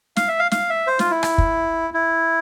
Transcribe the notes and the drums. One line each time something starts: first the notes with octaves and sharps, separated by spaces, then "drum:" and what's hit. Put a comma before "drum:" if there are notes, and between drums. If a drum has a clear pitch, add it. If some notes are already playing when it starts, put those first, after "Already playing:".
F5, drum: snare
E5
F5
F5, drum: snare
E5
C5
F4, drum: snare
E4
drum: rim click
drum: kick
E4